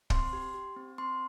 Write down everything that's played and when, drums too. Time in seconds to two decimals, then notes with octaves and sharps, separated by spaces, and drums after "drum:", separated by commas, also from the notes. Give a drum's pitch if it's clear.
0.10 C4 C6, drum: kick
0.33 G4
0.54 G4
0.76 C4
0.98 C4 C6